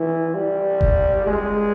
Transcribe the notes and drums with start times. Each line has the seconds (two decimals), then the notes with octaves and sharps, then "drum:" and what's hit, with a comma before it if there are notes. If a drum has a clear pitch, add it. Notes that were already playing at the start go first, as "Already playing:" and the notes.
Already playing: E3
0.34 G3
0.81 drum: kick F1
1.26 G#3